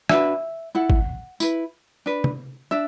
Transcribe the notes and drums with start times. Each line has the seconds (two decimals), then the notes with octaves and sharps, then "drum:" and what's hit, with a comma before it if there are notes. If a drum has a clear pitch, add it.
0.09 D4 F#4 B4 E5, drum: rim click
0.75 E4 A4 F#5
0.90 drum: kick G#1
1.40 E4 B4, drum: tambourine
2.06 D4 B4
2.24 drum: tom
2.71 D4 E5